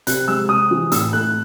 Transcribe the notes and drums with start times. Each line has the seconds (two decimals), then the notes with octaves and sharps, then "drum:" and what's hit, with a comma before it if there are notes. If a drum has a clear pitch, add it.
0.07 C3 F#6, drum: hi-hat
0.28 G#3 E6
0.49 C3 D#6
0.71 E3
0.92 A2 E6, drum: hi-hat
1.13 A3 F#6